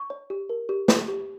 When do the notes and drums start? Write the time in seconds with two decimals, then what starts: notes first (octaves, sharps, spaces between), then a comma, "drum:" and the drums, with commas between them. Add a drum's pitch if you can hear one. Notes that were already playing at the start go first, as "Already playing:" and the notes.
Already playing: C#6
0.10 C#5
0.30 G4
0.49 A#4
0.69 G4
0.88 C#5, drum: snare
1.08 G4